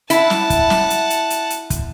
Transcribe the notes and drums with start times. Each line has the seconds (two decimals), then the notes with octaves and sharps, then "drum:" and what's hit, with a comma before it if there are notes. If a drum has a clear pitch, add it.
0.10 E4 F#5 A5, drum: hi-hat
0.30 drum: snare
0.50 drum: kick, hi-hat
0.70 drum: snare
0.90 drum: hi-hat
1.10 drum: hi-hat
1.30 drum: hi-hat
1.50 drum: hi-hat
1.70 drum: kick, hi-hat